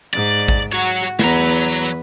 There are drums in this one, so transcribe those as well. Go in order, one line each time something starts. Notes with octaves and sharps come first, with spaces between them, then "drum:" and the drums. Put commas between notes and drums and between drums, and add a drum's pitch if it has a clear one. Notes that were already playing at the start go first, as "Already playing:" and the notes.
G#2 D5
drum: kick A1
F#3 F#4 C#5
E2 F#3 B4 A#5, drum: snare